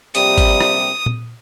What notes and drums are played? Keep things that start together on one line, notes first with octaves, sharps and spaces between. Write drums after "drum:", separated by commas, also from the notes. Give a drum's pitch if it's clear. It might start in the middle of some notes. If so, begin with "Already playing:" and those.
A#1 C3 G3 D#6, drum: hi-hat
drum: kick G#1, hi-hat
drum: rim click
drum: tom A#2